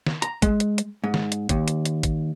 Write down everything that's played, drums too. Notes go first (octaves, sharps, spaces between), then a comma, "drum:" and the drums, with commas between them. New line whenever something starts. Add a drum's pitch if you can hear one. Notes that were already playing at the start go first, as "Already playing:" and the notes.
drum: snare
A#5, drum: hi-hat
G#3, drum: kick, hi-hat
drum: hi-hat
drum: hi-hat
G#2
drum: snare
drum: hi-hat
D#2, drum: kick, hi-hat
drum: hi-hat
drum: hi-hat
drum: kick, hi-hat